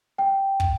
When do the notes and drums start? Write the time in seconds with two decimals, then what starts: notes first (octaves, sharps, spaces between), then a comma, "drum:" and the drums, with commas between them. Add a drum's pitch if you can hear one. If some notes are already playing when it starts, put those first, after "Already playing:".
0.18 G5
0.60 drum: kick